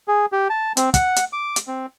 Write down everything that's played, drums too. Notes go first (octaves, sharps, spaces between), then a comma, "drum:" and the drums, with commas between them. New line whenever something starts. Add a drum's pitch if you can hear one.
G#4
G4
A5
C4, drum: hi-hat
F#5, drum: kick, hi-hat
drum: hi-hat
D6
drum: hi-hat
C4